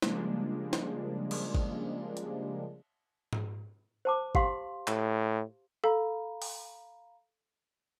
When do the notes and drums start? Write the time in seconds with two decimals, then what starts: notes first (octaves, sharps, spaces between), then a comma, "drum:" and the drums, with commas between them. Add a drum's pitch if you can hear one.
0.02 C#3 F3 G3 G#3 A#3 D4, drum: snare
0.73 drum: snare
1.31 drum: cymbal
1.55 drum: kick G#1
2.17 drum: hi-hat
3.33 drum: tom G#2
4.05 C5 A5 D6
4.35 G4 F5 C6, drum: kick G#1
4.87 A2, drum: clap
5.84 A4 F5 A#5 B5
6.42 drum: open hi-hat